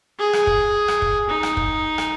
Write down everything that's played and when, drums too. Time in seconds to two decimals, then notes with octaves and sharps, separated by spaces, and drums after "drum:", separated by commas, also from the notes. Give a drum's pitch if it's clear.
0.19 G#4
0.33 drum: rim click
0.47 drum: kick
0.88 drum: rim click
1.02 drum: kick
1.29 D#4
1.43 drum: rim click
1.57 drum: kick
1.98 drum: rim click